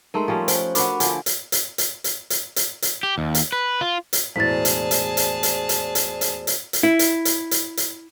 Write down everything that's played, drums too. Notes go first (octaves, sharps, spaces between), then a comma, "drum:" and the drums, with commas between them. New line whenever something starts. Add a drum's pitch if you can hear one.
G#3 A3 D#4 A#4 A5 C6
F3 G3 C#4
C5 G5, drum: hi-hat
D4 F#4 A#4 B5 D6, drum: hi-hat
D3 F3 G#5, drum: hi-hat
drum: hi-hat
drum: hi-hat
drum: hi-hat
drum: hi-hat
drum: hi-hat
drum: hi-hat
drum: hi-hat
G4
D#2
drum: hi-hat
B4
F4
drum: hi-hat
E1 A2 G#4 C5 D5 A5 A6 B6
drum: hi-hat
drum: hi-hat
drum: hi-hat
drum: hi-hat
drum: hi-hat
drum: hi-hat
drum: hi-hat
drum: hi-hat
drum: hi-hat
E4
drum: hi-hat
drum: hi-hat
drum: hi-hat
drum: hi-hat